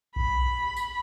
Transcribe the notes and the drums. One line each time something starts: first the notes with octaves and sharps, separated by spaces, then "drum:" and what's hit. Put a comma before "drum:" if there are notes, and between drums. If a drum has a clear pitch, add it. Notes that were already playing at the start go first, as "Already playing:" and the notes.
B5, drum: kick A#1
drum: tambourine